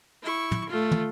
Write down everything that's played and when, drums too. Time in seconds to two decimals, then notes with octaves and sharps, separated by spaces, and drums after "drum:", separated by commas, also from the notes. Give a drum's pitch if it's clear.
0.23 E4 C#6
0.51 drum: tom
0.69 A3 F4
0.91 drum: tom